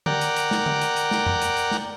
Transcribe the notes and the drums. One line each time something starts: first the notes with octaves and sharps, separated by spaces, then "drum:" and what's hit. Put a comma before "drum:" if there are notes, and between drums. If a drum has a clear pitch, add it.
A#4 D5 F#5 G5, drum: tom D3
drum: hi-hat
drum: hi-hat
drum: snare
drum: tom D3
drum: hi-hat
drum: hi-hat
drum: snare
drum: tom F2
drum: hi-hat
drum: hi-hat
drum: snare